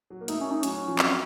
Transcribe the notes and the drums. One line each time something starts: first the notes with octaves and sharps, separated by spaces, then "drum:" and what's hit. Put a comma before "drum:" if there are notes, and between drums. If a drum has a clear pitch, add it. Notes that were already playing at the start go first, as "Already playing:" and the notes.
F#3
A#3
A3 D#4, drum: hi-hat
C#4
D#4
F#3 C#4, drum: hi-hat
F3
F#3 C4, drum: clap